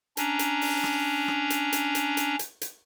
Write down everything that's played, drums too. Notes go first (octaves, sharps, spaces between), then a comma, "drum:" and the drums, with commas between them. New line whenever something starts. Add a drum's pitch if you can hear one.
C#4 D4 A#5, drum: hi-hat
drum: hi-hat
drum: open hi-hat
drum: rim click
drum: rim click
drum: hi-hat
drum: hi-hat
drum: hi-hat
drum: hi-hat
drum: hi-hat
drum: hi-hat